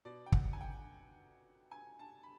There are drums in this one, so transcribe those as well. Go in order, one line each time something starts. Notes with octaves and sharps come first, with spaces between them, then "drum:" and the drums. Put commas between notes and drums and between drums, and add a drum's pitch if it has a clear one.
B2 D5
G5
F#5, drum: kick
G#5
G5
G#5
A5
B5